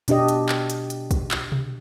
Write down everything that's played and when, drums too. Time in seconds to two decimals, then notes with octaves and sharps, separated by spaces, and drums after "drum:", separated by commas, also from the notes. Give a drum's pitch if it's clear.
0.08 B2 D4 G4 D#5, drum: hi-hat
0.28 drum: hi-hat
0.49 drum: clap
0.70 drum: hi-hat
0.90 drum: hi-hat
1.11 drum: kick, hi-hat
1.31 drum: clap
1.52 drum: tom B2